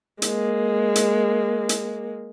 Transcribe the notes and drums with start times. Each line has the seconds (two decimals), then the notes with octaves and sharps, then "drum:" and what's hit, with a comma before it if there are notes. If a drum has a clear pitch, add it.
0.22 G#3 A#3, drum: hi-hat
0.96 drum: hi-hat
1.69 drum: hi-hat